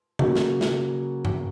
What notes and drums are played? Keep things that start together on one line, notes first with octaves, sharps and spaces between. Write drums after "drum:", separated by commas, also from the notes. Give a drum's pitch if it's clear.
C#3 F#3 A#3, drum: tom C#3
drum: snare
drum: snare
drum: tom G2